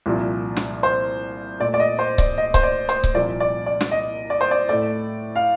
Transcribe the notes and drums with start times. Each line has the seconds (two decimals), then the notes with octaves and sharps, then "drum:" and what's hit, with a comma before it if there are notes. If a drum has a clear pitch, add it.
0.06 C2 A#2 F3
0.56 drum: snare
0.83 C5
1.60 A#2 A3 D5
1.74 D5
1.80 D#5
1.99 C5
2.18 D5, drum: kick C#1
2.38 D#5
2.54 C5, drum: kick C#1
2.63 D5
2.89 C5, drum: hi-hat
3.04 drum: kick C#1
3.14 C2 A#2 F3 A#3 D5
3.40 D5
3.66 D5
3.81 drum: snare
3.91 D#5
4.30 D5
4.41 C5
4.51 D5
4.69 A2 A3 D5
5.36 F5